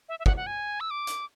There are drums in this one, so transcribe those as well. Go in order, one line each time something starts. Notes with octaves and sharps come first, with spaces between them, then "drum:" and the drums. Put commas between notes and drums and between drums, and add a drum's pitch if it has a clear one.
E5
E5
F#5, drum: kick
F#5
G#5
E6
D6
drum: hi-hat